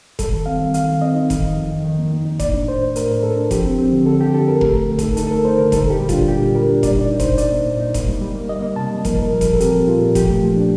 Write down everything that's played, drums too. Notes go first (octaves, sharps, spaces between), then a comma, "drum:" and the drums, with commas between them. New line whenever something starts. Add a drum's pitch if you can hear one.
G3 A4, drum: kick F1, hi-hat
D#3
C4 F5
D#3
D#3 F5, drum: hi-hat
D#3
C4 D#5
D#4
D#3, drum: kick F1, hi-hat
F2
F2
D#3
D#3
A#3
D#4
D#4
A2 D5, drum: kick F1, hi-hat
D4
A2 C5
A2
A2 A#4, drum: hi-hat
A2
A2 A4
D4
F3 G4, drum: kick F1, hi-hat
C4
C4
D3
D3 A4
D3 G4
D3 A4
F2 A#4
A3 A#4, drum: kick F1
D3
A3
A4, drum: kick F1, hi-hat
D#4
D#4 A4, drum: hi-hat
A4
A3 A#4
D#4 C5
D3 A#4
G3 A4, drum: kick F1, hi-hat
A#2 G4
G3
F4, drum: kick F1, hi-hat
D4
A#2 G4
A#2
G3 A#4
D4
A#2 D5, drum: kick F1, hi-hat
D#4 D5
D#4
C5, drum: kick F1, hi-hat
D#4
D#4 D5, drum: hi-hat
A#3
A#2
D#4
A#3, drum: kick F1, hi-hat
G3
G3
A#3
A#3 D#5
A#3
C3 A5
G3
F3 A#4, drum: kick F1, hi-hat
A#2 A#4
F3
A#4, drum: kick F1, hi-hat
A#2
A4
C4 G4, drum: hi-hat
F3
A#2 F4
A#2
F3 G4, drum: kick F1, hi-hat
A3
F3
D4